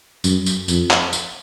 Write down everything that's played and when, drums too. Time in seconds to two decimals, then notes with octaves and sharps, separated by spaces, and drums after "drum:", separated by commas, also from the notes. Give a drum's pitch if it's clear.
0.24 F#2, drum: tambourine
0.46 drum: tambourine
0.68 F2, drum: tambourine
0.91 drum: clap
1.13 drum: tambourine